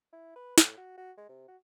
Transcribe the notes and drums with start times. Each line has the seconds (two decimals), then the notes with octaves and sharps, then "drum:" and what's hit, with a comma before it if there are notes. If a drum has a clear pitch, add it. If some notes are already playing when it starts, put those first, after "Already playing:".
0.13 E4
0.36 B4
0.58 A2, drum: snare
0.78 F#4
0.97 F#4
1.17 G#3
1.29 C3
1.48 F#4